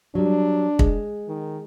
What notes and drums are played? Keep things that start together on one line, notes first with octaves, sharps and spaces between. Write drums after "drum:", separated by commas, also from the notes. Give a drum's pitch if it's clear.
F#3 G3 D4
G#3, drum: kick
D#3